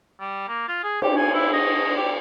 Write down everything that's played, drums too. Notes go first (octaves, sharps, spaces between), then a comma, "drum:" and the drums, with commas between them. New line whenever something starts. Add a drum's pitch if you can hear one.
G3
A#3
F4
G#4
G4, drum: cymbal
G#5
E4
D#5
G4